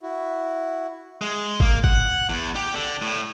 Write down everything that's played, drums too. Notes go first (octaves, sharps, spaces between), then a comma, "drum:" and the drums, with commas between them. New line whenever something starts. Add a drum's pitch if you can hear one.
E4 F#4
G#3
A#3, drum: kick G#1
F#5, drum: kick G#1
E2
G4
D3
A2